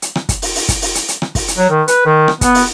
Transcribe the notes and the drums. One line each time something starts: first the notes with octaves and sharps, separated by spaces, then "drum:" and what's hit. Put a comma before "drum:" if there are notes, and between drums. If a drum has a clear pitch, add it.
drum: hi-hat
drum: rim click
drum: kick, hi-hat
drum: open hi-hat
drum: open hi-hat
drum: kick, hi-hat
drum: open hi-hat
drum: hi-hat
drum: hi-hat
drum: rim click
drum: kick, open hi-hat
drum: hi-hat
F#3
D#3
B4, drum: hi-hat
D#3
drum: rim click
B3, drum: kick, hi-hat
drum: open hi-hat